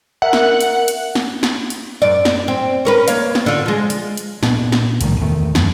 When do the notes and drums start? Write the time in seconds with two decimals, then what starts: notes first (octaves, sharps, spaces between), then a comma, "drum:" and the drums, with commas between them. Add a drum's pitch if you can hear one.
0.22 A#4 E5 F#5
0.33 drum: snare
0.61 drum: hi-hat
0.88 drum: hi-hat
1.15 drum: snare
1.43 drum: snare
1.70 drum: hi-hat
2.02 F#2 D5
2.25 drum: snare
2.48 C4
2.85 C#4 A#4 B4
3.08 A#3 C#5 F5, drum: hi-hat
3.35 drum: snare
3.46 D3 F4
3.66 F3 G#3
3.90 drum: hi-hat
4.17 drum: hi-hat
4.43 A#2 B3 D4, drum: snare
4.72 drum: snare
5.01 C2 A2 D#3 G3, drum: hi-hat
5.21 E2 D#3 A3
5.55 F#2 E3, drum: snare